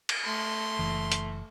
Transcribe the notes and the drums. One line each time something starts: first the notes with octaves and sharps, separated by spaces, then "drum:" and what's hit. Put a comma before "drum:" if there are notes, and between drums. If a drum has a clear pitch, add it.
drum: cymbal
A3 C6
F#1 E3
drum: hi-hat